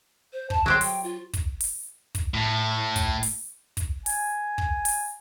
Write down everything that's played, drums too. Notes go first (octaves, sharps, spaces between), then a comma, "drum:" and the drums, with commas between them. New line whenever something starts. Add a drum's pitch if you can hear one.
C5
A5, drum: kick
F#3 G4 C5 F#6
G5, drum: open hi-hat
F4
drum: kick, hi-hat
drum: open hi-hat
drum: kick, hi-hat
A2
drum: kick, hi-hat
drum: open hi-hat
drum: kick, hi-hat
G#5, drum: open hi-hat
drum: kick
drum: open hi-hat